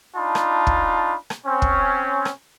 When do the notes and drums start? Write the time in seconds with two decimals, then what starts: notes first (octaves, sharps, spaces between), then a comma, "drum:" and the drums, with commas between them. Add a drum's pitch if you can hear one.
0.16 D4 D#4 F4 A5 B5
0.35 drum: rim click
0.67 drum: kick
1.30 drum: rim click
1.46 C4 C#4
1.62 drum: kick
2.25 drum: rim click